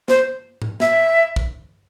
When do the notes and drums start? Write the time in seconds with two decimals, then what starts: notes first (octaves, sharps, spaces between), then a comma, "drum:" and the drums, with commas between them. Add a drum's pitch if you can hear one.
0.08 C5, drum: snare
0.62 drum: tom G#2
0.80 E5, drum: snare
1.36 drum: kick